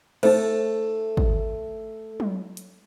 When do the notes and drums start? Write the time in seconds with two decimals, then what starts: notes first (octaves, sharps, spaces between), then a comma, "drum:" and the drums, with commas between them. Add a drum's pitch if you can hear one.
0.23 A3 D#4 C5, drum: cymbal
1.17 drum: kick
2.20 drum: tom F#3
2.57 drum: hi-hat